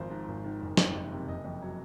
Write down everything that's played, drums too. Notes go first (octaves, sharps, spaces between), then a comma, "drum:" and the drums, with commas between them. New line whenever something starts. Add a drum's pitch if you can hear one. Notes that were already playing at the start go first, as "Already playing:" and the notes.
Already playing: G#1 F3 C5
G#2
G#1
D#3
F#1
F2, drum: snare
F#1
C3
F#1 D#5
F2
F#3